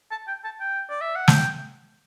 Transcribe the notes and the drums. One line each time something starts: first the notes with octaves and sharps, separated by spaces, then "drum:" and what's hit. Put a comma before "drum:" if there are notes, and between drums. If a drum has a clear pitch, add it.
A5
G5
A5
G5
D5
E5
F#5
G5, drum: snare